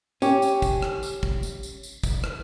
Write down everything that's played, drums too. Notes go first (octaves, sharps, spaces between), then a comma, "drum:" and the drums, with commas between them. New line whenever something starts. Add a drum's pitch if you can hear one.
C#4 G4, drum: tambourine
drum: tambourine
drum: kick, tambourine
drum: rim click
drum: tambourine
drum: kick
drum: tambourine
drum: tambourine
drum: tambourine
drum: kick, tambourine
drum: rim click